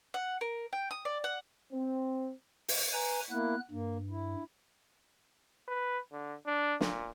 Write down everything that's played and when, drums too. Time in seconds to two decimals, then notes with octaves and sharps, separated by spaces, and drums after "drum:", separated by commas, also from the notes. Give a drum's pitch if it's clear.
0.14 F#5
0.41 A#4
0.73 G5
0.91 D#6
1.05 D5
1.24 F#5
1.72 C4
2.68 drum: open hi-hat
2.93 B4 G#5 A#5
3.30 A#3 B3 E4 F#6
3.71 G2 A#3
4.10 E4
5.68 B4
6.12 D3
6.46 D4
6.81 A#2, drum: snare